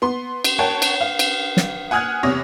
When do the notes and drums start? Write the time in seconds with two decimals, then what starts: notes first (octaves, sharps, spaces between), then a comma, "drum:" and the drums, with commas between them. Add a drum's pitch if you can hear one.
0.02 B3 C6
0.44 drum: cymbal
0.59 A#4 C#5 F#5 G5 A5
0.82 drum: cymbal
1.01 F5
1.19 drum: cymbal
1.57 drum: snare
1.91 F#5 G#5 D#6 F6 F#6 G#6
2.23 E2 C3 C#5 D#6 A#6